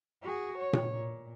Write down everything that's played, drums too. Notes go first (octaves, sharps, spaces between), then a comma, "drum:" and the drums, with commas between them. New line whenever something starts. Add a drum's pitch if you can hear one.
F#4 G#4
C#5
drum: tom A#2
A#2